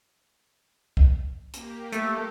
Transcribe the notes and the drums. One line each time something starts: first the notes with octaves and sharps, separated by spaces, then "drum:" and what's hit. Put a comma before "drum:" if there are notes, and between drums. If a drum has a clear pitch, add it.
drum: kick C2
A#3 G4, drum: hi-hat
A3, drum: hi-hat